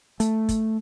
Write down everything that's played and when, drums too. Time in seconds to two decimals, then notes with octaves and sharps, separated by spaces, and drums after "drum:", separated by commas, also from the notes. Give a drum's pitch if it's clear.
0.20 A3, drum: hi-hat
0.49 drum: kick, hi-hat